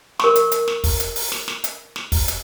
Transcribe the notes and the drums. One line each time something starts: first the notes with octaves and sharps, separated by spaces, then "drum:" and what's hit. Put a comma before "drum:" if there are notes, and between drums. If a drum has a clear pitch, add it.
A#4 C#6, drum: snare
drum: hi-hat
drum: hi-hat
drum: snare
drum: kick, open hi-hat
drum: hi-hat
drum: open hi-hat
drum: snare
drum: snare
drum: hi-hat
drum: snare
drum: kick, open hi-hat
drum: hi-hat